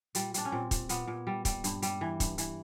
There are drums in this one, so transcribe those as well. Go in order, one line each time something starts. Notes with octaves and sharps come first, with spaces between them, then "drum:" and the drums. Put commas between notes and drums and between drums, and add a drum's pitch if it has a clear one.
A#2 G3, drum: hi-hat
G3 D4, drum: hi-hat
C#4
A#2 C4
A#2, drum: kick, hi-hat
A#2 B3, drum: hi-hat
A#2
G3
G3, drum: kick, hi-hat
G2, drum: hi-hat
G3, drum: hi-hat
E3
G2, drum: kick, hi-hat
E3, drum: hi-hat